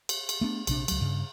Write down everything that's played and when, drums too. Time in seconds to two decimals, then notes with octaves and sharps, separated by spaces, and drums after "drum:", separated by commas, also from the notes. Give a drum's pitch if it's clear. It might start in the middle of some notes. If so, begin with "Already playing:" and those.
0.09 drum: cymbal
0.29 drum: cymbal
0.41 A3 B3 D4
0.67 A#1 C3 D4, drum: cymbal
0.88 C#2 F#3, drum: cymbal
1.01 G2 C#3